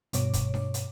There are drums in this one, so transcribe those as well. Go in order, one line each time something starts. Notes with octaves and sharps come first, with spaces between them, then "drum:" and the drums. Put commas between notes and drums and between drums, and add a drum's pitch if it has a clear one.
G2 B2 C#5 D6, drum: hi-hat
drum: kick, hi-hat
drum: snare D4
drum: hi-hat